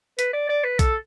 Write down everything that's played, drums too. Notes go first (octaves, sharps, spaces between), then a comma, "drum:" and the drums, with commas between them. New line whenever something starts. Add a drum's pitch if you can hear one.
B4, drum: hi-hat
D5
D5
B4
A4, drum: kick B1, hi-hat